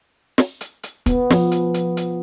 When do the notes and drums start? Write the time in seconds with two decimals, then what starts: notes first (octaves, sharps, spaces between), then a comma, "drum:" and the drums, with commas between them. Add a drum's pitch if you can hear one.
0.38 drum: snare
0.61 drum: hi-hat
0.83 drum: hi-hat
1.06 B3, drum: kick, hi-hat
1.30 F3, drum: snare
1.52 drum: hi-hat
1.74 drum: hi-hat
1.97 drum: hi-hat